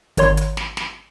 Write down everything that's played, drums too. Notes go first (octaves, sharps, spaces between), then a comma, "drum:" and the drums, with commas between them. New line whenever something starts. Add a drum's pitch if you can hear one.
G#1 D#3 C#5 C6, drum: hi-hat
drum: hi-hat
drum: snare
drum: snare